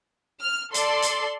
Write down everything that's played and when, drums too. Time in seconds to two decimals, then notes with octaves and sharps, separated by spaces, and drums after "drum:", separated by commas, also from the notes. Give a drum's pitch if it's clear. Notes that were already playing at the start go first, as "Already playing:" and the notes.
0.41 F6
0.74 A4 D5 C6, drum: hi-hat
1.02 drum: hi-hat